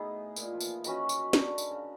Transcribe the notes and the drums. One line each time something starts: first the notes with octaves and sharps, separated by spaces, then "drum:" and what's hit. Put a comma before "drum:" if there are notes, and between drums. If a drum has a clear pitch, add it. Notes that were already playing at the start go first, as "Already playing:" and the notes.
Already playing: A2 B3 D#4 G#4
A#2, drum: tambourine
F3
E3, drum: tambourine
D#3 C#4 F#4 B4 D#5, drum: tambourine
drum: tambourine
D3, drum: snare
drum: tambourine
C#3